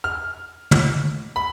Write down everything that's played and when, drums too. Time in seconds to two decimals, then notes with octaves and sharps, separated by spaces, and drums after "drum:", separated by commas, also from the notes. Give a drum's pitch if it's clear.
0.04 F6
0.71 drum: tom
1.36 B5